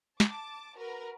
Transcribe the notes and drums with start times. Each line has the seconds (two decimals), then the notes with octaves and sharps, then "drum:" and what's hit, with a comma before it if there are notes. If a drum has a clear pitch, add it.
0.20 A5 D6, drum: snare
0.76 F#4 A#4 B4